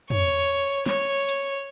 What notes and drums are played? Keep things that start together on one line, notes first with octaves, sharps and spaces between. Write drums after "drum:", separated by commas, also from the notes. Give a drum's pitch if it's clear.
C#5, drum: tom
C#5, drum: snare
drum: hi-hat